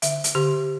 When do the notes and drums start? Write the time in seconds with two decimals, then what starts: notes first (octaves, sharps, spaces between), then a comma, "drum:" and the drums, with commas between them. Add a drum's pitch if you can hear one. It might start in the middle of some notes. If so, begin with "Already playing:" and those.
0.02 D3 E5, drum: hi-hat
0.24 drum: hi-hat
0.35 D3 G4